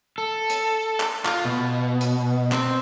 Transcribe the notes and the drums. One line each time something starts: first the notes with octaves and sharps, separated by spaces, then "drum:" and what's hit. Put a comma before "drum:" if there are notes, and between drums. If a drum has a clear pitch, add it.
A4
drum: hi-hat
drum: clap
F4, drum: clap
B2
drum: hi-hat
C4, drum: clap